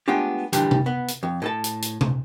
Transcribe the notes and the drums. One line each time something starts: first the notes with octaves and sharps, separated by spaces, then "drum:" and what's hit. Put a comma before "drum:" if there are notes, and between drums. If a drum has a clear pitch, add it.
G#3 A3 B3 D4 F4 G4
G2 A#2 D3 E3 F3 G3, drum: hi-hat
drum: tom C3
B3
drum: hi-hat
F2
A2 A4 A5
drum: hi-hat
drum: hi-hat
drum: tom C3